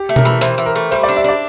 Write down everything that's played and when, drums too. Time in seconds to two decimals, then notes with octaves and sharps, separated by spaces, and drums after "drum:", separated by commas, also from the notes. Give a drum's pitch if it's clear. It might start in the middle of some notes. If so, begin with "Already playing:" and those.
Already playing: G4
0.09 A3
0.16 A#4, drum: tom B2
0.25 E3
0.41 E3 C5, drum: hi-hat
0.58 E3
0.66 A#4
0.75 A3
0.91 G3 C5
1.03 D5
1.09 D4
1.17 E5
1.24 D4 D5